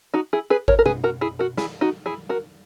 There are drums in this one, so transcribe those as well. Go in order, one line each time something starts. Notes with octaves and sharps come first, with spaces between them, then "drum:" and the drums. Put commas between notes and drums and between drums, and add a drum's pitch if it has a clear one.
D#4 F#4
E4 G#4
G#4 B4
A#4 C#5, drum: kick G#1
A#4
G#4 B4, drum: tom B2
F#4 A#4
E4 G#4
F#4 A#4
E4 G#4, drum: snare
D#4 F#4
E4 G#4
F#4 A#4